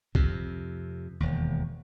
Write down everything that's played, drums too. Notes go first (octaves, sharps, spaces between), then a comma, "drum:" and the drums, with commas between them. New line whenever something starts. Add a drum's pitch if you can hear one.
F2 C3, drum: kick B1
E1 D#2